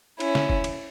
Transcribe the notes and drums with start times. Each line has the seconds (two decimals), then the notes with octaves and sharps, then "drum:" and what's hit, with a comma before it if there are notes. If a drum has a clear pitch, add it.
0.20 C#4 E4, drum: cymbal
0.35 drum: snare
0.50 drum: kick F1
0.64 drum: cymbal